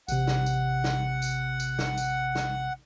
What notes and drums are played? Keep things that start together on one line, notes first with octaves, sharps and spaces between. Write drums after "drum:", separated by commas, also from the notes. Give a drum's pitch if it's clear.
A1 C3 F#5, drum: tambourine
drum: snare
drum: tambourine
drum: snare
drum: tambourine
drum: tambourine
drum: snare
drum: tambourine
drum: snare